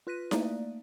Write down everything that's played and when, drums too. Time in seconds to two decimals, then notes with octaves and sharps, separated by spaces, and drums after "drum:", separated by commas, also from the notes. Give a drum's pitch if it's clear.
0.07 F4 B4 F#6 A#6 B6 D#7
0.31 A3 A#3 D#4 D5, drum: snare E4